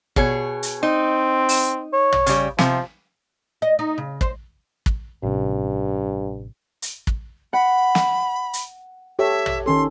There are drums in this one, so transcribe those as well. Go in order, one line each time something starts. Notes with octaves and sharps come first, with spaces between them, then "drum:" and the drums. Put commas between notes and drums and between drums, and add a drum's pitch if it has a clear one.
B2 G#4 C#5, drum: kick
drum: hi-hat
C4 D#4
drum: open hi-hat
C#5
drum: tom
C#3 G3, drum: hi-hat
C3 F3, drum: snare
D#5
D#4
C#3
C5, drum: kick
drum: kick
A1 G2 C3
drum: hi-hat
drum: kick
F#5 B5
drum: snare
drum: hi-hat
G4 A4 C#5 E5
drum: tom
D#3 C#4 A4 C6